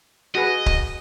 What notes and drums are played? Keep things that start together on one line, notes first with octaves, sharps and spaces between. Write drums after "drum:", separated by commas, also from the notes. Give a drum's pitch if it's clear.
F#4 G#4 B4 D#5
drum: kick C#1